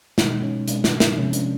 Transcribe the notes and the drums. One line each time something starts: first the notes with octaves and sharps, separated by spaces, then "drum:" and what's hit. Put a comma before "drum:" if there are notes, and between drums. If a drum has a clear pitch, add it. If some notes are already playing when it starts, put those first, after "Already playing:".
B2 G#3 D#4, drum: snare
C#4
B2 G#3 D4, drum: hi-hat
D4, drum: snare
D#4, drum: snare
C3 F3 G#3 C#4
D4, drum: hi-hat